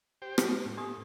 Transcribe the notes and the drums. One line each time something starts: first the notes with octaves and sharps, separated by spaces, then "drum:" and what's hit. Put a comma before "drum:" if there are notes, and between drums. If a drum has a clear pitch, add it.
G4 C5 G5
drum: rim click
D#4
A2
D4 G4 D#6